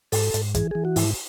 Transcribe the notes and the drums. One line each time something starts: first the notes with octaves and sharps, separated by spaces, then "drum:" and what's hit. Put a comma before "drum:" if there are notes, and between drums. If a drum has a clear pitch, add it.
G#2 A4, drum: open hi-hat
G#2, drum: hi-hat
E3 G#4, drum: kick, hi-hat
E3 G#4
F#4
G#2 E4, drum: open hi-hat